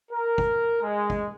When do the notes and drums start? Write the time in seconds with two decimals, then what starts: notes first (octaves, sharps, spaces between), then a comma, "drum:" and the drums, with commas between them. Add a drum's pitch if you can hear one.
0.11 A#4
0.38 drum: kick
0.82 G#3
1.10 drum: kick